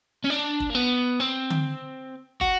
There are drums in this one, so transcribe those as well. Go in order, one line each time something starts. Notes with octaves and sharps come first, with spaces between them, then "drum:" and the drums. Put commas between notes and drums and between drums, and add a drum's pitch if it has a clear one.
C#4
D4
drum: kick
A#3
B3
C4
drum: tom D3
F#4, drum: kick